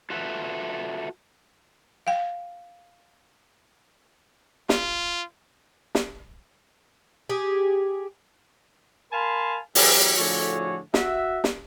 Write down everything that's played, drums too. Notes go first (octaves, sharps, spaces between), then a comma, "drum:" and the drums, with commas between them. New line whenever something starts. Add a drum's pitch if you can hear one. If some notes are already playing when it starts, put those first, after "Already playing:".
F4 F#4 A4 B4 E5
F5 G5
F4, drum: snare
drum: snare
G4 G#4
A#4 F5 G#5 A5 B5 C6
E3 F#3 B3 G4 G#4, drum: open hi-hat
A2 D3 F3 F#4 G#4 C#5
F#4 E5, drum: snare
drum: snare